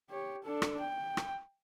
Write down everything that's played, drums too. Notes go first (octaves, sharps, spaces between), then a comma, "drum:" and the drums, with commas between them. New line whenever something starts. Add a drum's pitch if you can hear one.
G4 C#5
D4 A4
drum: rim click
G5
drum: rim click